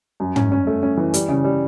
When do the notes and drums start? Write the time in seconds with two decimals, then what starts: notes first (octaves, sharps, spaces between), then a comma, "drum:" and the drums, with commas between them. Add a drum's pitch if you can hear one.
0.20 F#2
0.36 C#4, drum: tom
0.52 C#4
0.67 A3
0.83 C#4
0.97 E3
1.14 G3, drum: hi-hat
1.29 C#3
1.44 G3